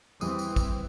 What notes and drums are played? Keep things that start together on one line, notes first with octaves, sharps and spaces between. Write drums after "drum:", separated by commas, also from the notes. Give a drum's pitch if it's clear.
E2 E3 G3 C4 D#6, drum: tambourine
drum: tambourine
drum: kick, tambourine